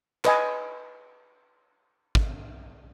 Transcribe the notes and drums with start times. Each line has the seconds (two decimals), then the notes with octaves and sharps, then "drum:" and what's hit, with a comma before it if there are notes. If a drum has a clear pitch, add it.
0.25 B4 D#5 G#5, drum: clap
2.15 drum: kick